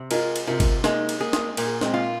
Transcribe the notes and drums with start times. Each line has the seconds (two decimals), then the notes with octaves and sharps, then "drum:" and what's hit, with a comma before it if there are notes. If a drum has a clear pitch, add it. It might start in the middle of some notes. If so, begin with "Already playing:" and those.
Already playing: C3
0.11 G#3 F4 A#4, drum: cymbal
0.36 drum: cymbal
0.47 C3 F4 A#4
0.60 drum: kick, cymbal
0.84 G#3 A#3 D#4, drum: snare
1.09 drum: cymbal
1.20 A#3 G#4
1.33 drum: snare
1.57 A#2 A#3, drum: cymbal
1.81 G#3 C4, drum: snare
1.94 F4